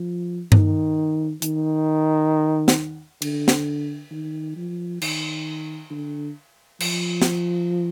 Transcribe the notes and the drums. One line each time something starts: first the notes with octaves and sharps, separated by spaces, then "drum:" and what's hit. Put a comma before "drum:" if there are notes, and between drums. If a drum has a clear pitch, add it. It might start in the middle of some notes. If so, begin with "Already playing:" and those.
Already playing: F3
D#3, drum: tom G2
D#3, drum: hi-hat
drum: snare
D3, drum: cymbal
drum: snare
D#3
F3
D#3, drum: cymbal
D3
F3, drum: cymbal
drum: snare